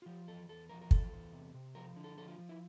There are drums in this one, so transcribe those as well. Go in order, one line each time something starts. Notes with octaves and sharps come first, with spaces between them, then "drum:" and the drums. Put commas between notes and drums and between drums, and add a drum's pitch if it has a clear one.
F4
F3 G4
E2 A4
E2 A4
F3 A#4
A#4
E2 A4, drum: kick
E2
C3
C3
F3 A#4
D3
A4
F3 A4
F4
F3
E4